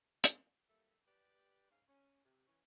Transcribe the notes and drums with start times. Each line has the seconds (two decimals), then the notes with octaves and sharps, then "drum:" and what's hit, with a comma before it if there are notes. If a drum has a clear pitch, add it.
0.24 drum: hi-hat
0.69 D#2 G3 A#3 E4 A4 E5
1.07 G4 B4 D5
1.71 G#2 C#3 F5
1.88 C#4
2.24 C3
2.47 E3 C#4